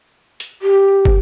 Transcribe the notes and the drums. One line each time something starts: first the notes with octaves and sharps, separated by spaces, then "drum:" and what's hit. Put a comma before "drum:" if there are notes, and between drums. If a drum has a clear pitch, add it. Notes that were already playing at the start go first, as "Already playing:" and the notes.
drum: hi-hat
G4
drum: kick